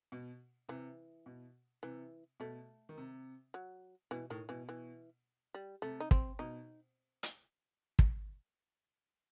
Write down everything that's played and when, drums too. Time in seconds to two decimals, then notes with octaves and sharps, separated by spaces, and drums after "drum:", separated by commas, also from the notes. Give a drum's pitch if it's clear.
0.12 B2
0.69 C3 E3
1.26 B2
1.83 C3 E3
2.40 B2 A3
2.89 D#3
2.98 C3
3.54 F#3
4.11 B2 E3
4.30 A2 D#3
4.49 B2 E3
4.69 E3
5.54 G3
5.82 C3 A3
6.00 D#4
6.11 C4, drum: kick
6.39 B2 D#4
7.23 drum: hi-hat
7.99 drum: kick